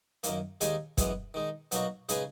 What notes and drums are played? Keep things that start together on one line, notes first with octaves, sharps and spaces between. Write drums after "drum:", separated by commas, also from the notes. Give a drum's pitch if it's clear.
F#2 D#3 A#3, drum: hi-hat
D#2 D#3 G#3 D#4 G#4, drum: hi-hat
F#2 E3 G#3 B3, drum: kick, hi-hat
D#3 G#3 D#4
B2 F#3 A#3 D#4 F#4, drum: hi-hat
C#3 G#3 D#4 G#4 B4, drum: hi-hat